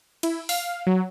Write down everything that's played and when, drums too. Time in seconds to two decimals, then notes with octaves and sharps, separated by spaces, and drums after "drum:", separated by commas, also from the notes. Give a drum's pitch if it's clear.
0.23 E4, drum: cymbal
0.49 F5, drum: open hi-hat
0.87 F#3